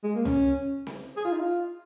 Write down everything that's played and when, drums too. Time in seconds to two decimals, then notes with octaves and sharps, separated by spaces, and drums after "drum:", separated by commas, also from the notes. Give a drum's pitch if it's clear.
0.04 G#3
0.15 A#3
0.25 C#4, drum: tom C#2
0.87 drum: snare C4
1.17 G#4
1.24 F4
1.32 D#4
1.39 F4